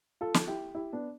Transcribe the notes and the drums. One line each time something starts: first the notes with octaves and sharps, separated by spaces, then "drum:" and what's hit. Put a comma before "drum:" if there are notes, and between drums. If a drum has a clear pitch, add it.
F4 A4
drum: snare
E4 G4
E4 G4
B3 D4